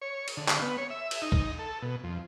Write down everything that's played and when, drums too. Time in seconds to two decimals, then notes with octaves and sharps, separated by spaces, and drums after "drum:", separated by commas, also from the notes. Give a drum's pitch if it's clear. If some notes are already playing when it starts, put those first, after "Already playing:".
0.01 C#5
0.28 drum: cymbal
0.37 D3
0.49 drum: clap
0.62 B3
0.78 C#5
0.90 E5
1.11 drum: cymbal
1.22 D#4
1.32 drum: kick C2
1.59 A4
1.82 B2
2.04 F2